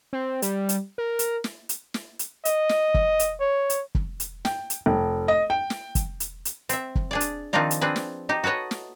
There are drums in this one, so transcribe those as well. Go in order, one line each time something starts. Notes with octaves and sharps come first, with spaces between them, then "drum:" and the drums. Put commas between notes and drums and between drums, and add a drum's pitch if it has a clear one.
C4
G3, drum: hi-hat
drum: hi-hat
A#4
drum: hi-hat
drum: snare
drum: hi-hat
drum: snare
drum: hi-hat
D#5, drum: hi-hat
drum: snare
drum: kick
drum: hi-hat
C#5
drum: hi-hat
drum: kick
drum: hi-hat
G5, drum: snare
drum: hi-hat
F1
D#5
G5
drum: snare
drum: kick, hi-hat
drum: hi-hat
drum: hi-hat
C4 E5, drum: hi-hat
drum: kick
D4 G#4 D5
drum: hi-hat
D#3 F3 C4 D4 D#4 F4
drum: hi-hat
C4 D4 G#4 B4
drum: snare
D#4 G4
F#4 A4 B4 C#5 D#5
drum: snare